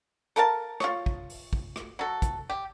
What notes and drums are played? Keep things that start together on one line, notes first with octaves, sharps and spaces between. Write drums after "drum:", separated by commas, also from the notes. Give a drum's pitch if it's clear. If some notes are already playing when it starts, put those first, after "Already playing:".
A4 A#4 F5 A5, drum: hi-hat
F4 C#5, drum: rim click
drum: kick
drum: open hi-hat
drum: kick
drum: rim click
F#3 A4
drum: kick, hi-hat
G4